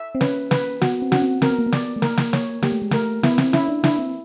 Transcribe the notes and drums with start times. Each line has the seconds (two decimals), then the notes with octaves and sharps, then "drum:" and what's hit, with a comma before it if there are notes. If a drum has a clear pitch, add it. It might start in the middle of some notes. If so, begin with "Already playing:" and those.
Already playing: E5
0.15 C4
0.21 C#4 B4, drum: snare
0.51 B4, drum: snare
0.82 B3 F#4, drum: snare
1.02 C4
1.12 C#4 F#4, drum: snare
1.22 C4
1.42 C4 A#4, drum: snare
1.50 B3
1.59 A#3
1.67 B3
1.72 D5, drum: snare
1.96 A3
2.02 A#3 A#4, drum: snare
2.17 drum: snare
2.33 C#5, drum: snare
2.62 A#3 G4, drum: snare
2.72 A3
2.82 G#3
2.91 A3 A#4, drum: snare
3.23 B3 E4, drum: snare
3.38 C4, drum: snare
3.53 C#4 E4, drum: snare
3.68 D4
3.84 D4 E4, drum: snare
3.99 C4